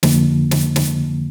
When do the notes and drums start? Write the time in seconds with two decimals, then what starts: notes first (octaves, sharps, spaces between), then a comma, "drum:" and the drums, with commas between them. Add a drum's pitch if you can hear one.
0.03 F2 D3 F3 A#3, drum: snare
0.51 drum: snare
0.76 drum: snare